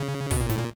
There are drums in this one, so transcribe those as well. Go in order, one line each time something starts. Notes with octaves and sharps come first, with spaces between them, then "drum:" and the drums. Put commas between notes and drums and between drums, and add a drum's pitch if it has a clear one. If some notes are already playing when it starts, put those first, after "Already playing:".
Already playing: C#3
B2, drum: kick, open hi-hat
A#2
A2, drum: snare
A#2